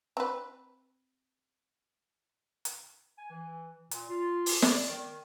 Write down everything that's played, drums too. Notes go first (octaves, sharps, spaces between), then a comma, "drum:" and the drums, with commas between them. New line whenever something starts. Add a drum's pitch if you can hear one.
C4 B4
drum: hi-hat
G#5
E3
A#2, drum: hi-hat
F4
drum: open hi-hat
D5, drum: snare
D#3